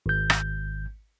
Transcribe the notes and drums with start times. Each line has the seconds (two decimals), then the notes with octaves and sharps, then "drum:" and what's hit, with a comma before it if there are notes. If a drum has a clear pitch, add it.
0.06 G#1 G6
0.30 drum: rim click